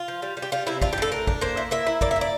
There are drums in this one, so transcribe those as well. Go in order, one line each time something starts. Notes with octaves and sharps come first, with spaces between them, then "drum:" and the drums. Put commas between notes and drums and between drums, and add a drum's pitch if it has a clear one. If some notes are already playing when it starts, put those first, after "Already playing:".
Already playing: F4
F3
G3
G3
G4
G3 F4
C3 E4
D4 F4, drum: kick G#1
G4
A2 A4
D4 A#4
D4, drum: kick G#1
A#3 C5
E4
A#3 E5
E4
A#3 D5, drum: kick G#1
E5
E4
D5